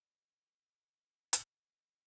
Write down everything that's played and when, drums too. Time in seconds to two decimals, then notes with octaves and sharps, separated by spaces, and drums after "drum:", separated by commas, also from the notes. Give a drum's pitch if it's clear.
0.02 B4 D5
1.33 drum: hi-hat